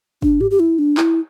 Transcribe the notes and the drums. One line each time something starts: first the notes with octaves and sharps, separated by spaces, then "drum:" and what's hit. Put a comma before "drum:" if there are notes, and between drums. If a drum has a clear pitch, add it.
D4, drum: kick
G4, drum: tom G2
G4
E4
D4
E4, drum: clap